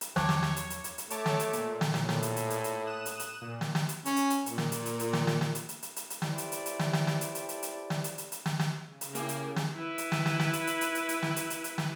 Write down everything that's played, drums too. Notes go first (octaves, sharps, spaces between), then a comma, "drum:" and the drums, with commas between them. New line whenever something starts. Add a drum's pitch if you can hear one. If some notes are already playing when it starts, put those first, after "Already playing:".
drum: hi-hat
E2 F3 F#3 C5 C#5 A5 D6, drum: snare
drum: snare
drum: snare
drum: hi-hat
drum: hi-hat
drum: hi-hat
drum: hi-hat
A3 C#5 A5 D6, drum: hi-hat
drum: snare
drum: hi-hat
A#2, drum: hi-hat
drum: snare
A2, drum: snare
drum: snare
drum: hi-hat
drum: hi-hat
drum: hi-hat
drum: hi-hat
D#6 F#6 E7
drum: hi-hat
drum: hi-hat
A#2
drum: snare
drum: snare
drum: hi-hat
C#4, drum: hi-hat
drum: hi-hat
drum: hi-hat
A#2, drum: hi-hat
drum: snare
drum: hi-hat
drum: hi-hat
drum: hi-hat
drum: snare
drum: snare
drum: snare
drum: hi-hat
drum: hi-hat
drum: hi-hat
drum: hi-hat
drum: hi-hat
E4 G4 A4 B4 C5 D5, drum: snare
drum: hi-hat
drum: hi-hat
drum: hi-hat
drum: snare
drum: snare
drum: snare
drum: hi-hat
drum: hi-hat
drum: hi-hat
drum: hi-hat
drum: snare
drum: hi-hat
drum: hi-hat
drum: hi-hat
drum: snare
drum: snare
C#3
drum: hi-hat
A#3 E4 G4 G#4, drum: hi-hat
drum: hi-hat
drum: snare
E4 B4
drum: hi-hat
drum: snare
drum: snare
drum: snare
drum: hi-hat
drum: hi-hat
drum: hi-hat
drum: hi-hat
drum: hi-hat
drum: snare
drum: hi-hat
drum: hi-hat
drum: hi-hat
drum: snare